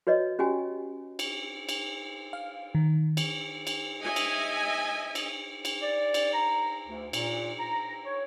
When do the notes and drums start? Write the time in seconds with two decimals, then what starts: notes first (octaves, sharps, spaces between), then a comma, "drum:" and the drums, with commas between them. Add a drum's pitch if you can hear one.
0.07 F#4 B4 C#5 D#5
0.39 C#4 F#4 G4 G#5
1.19 drum: cymbal
1.69 drum: cymbal
2.33 F5
2.75 D#3
3.17 drum: cymbal
3.67 drum: cymbal
4.02 D#5 E5 G#5
4.16 drum: cymbal
5.15 drum: cymbal
5.65 drum: cymbal
5.82 D5
6.14 drum: cymbal
6.33 A#5
6.87 D2
7.13 A#2, drum: cymbal
7.59 A#5
8.05 C#5